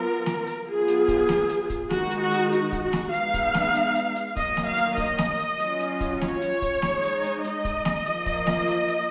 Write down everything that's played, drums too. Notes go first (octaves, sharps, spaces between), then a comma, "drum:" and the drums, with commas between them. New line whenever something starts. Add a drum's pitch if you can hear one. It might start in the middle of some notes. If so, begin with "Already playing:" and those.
Already playing: F#3 B3 F4 A#4
drum: snare
drum: hi-hat
F#3 B3 F4 G#4
drum: hi-hat
drum: kick, hi-hat
drum: snare
drum: hi-hat
drum: kick, hi-hat
D#3 G#3 D#4 F#4, drum: snare
drum: hi-hat
F#4
drum: hi-hat
F#4, drum: hi-hat
drum: kick, hi-hat
F#4
drum: snare
G#3 B3 D#4 F5, drum: hi-hat
drum: kick, hi-hat
drum: snare
drum: hi-hat
drum: hi-hat
drum: hi-hat
D#3 F#3 A#3 D#5, drum: kick, hi-hat
drum: snare
F5
drum: hi-hat
D#5, drum: kick, hi-hat
drum: snare
drum: hi-hat
F#3 C#4 F4, drum: hi-hat
drum: hi-hat
drum: kick, hi-hat
C#5, drum: snare
drum: hi-hat
drum: kick, hi-hat
G#3 D#4, drum: snare
drum: hi-hat
drum: hi-hat
D#5, drum: hi-hat
drum: kick, hi-hat
drum: snare
F3 A#3 F4, drum: hi-hat
drum: kick, hi-hat
drum: snare
drum: hi-hat
drum: hi-hat